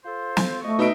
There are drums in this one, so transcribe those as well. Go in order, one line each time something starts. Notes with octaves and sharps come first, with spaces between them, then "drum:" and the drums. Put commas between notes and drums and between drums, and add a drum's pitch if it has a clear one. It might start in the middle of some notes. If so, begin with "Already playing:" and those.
F4 A4 C5
drum: snare
F3 A3 D#5 C#6
B2 D#4 E5 D7